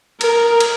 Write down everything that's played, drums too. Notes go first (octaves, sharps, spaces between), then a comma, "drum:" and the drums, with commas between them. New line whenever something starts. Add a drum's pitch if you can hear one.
A#4, drum: cymbal
drum: cymbal